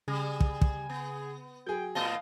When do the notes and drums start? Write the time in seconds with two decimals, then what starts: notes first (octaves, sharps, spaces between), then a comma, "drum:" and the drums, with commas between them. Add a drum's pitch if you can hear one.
0.08 C#3 G3 G#4
0.40 drum: kick
0.61 drum: kick
0.90 B3
1.66 F#3 G#4 G5
1.95 A2 B3 D#5 F5 A5